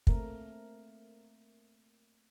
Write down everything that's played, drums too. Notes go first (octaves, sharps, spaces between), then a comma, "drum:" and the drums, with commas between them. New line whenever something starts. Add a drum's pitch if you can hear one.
A3 A#3 C4 A#4, drum: kick